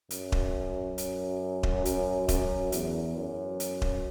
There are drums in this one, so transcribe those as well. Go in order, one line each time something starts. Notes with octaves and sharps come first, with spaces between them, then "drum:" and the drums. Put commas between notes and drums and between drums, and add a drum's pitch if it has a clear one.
F#2, drum: hi-hat
drum: kick D#1
drum: hi-hat
drum: kick D#1
F#2, drum: hi-hat
F#2, drum: kick D#1, hi-hat
E2, drum: hi-hat
F#2
drum: hi-hat
drum: kick D#1